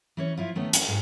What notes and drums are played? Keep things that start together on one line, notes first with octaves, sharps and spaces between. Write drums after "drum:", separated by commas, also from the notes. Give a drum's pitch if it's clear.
E3 C#4 C#5
F3 E4 F4
D#3 A3 B3 C#4 C#5
C#4, drum: hi-hat
G#2